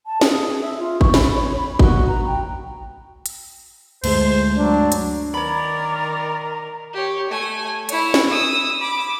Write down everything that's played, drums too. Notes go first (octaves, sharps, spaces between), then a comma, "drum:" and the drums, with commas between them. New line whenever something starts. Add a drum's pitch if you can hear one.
A5
G#4, drum: snare
E5
F4
C#6, drum: kick G#1
B5, drum: snare
C#5
B5
F#4, drum: kick G#1
A#5
G5
drum: hi-hat
D2 G2 G#3 A3 C5, drum: cymbal
F#3 D4
drum: hi-hat
D#3 A#4 C#5 D5 A#5 B5
G4 C#5
A3 G#5
E4 C#5, drum: hi-hat
drum: snare
D#6 E6
B5 D6